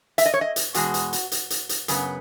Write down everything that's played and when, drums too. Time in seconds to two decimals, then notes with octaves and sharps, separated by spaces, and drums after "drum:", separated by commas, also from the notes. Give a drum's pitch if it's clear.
0.18 E5, drum: hi-hat
0.26 D#5
0.34 C#5
0.41 D#5
0.56 drum: hi-hat
0.74 E2 B2 G#3 F#4, drum: hi-hat
0.94 drum: hi-hat
1.13 drum: hi-hat
1.32 drum: hi-hat
1.50 drum: hi-hat
1.69 drum: hi-hat
1.88 F#2 C#3 B3, drum: hi-hat